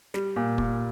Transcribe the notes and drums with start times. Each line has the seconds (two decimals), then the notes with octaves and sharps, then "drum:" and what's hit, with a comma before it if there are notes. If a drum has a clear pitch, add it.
0.14 G3, drum: snare
0.36 A#2
0.58 A#2, drum: kick